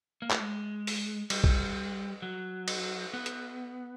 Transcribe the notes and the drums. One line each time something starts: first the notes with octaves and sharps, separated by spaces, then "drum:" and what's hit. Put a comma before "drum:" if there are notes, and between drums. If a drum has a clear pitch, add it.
A#3
A3, drum: clap
G#3
drum: open hi-hat
G3, drum: cymbal
drum: kick B1
F#3
drum: cymbal
B3
drum: hi-hat